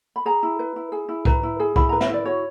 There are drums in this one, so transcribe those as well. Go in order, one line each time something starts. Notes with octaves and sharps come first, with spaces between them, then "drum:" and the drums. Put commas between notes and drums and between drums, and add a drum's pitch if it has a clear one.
B5
G#4 A#5
E4
B4
E4
G#4
E4
B4 A#5, drum: kick C2
E4
G#4
E4 B5, drum: kick C2
B4 A#5
E5, drum: snare
E4 D5
F#4 C#5